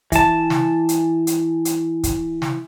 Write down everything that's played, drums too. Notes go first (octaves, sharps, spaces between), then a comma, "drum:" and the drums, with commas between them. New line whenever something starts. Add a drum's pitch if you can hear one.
E3 A5, drum: kick, hi-hat
drum: snare
drum: hi-hat
drum: hi-hat
drum: hi-hat
drum: kick, hi-hat
drum: snare